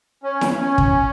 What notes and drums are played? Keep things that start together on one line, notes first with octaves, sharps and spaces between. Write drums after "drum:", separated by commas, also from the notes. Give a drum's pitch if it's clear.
C#4
drum: snare E4
C#4
drum: kick